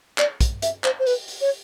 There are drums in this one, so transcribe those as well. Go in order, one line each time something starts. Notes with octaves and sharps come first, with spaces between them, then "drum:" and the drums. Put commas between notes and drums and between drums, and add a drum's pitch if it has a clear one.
D5, drum: clap
drum: kick, hi-hat
E5, drum: hi-hat
C5, drum: clap
C5
B4, drum: open hi-hat
drum: open hi-hat
C#5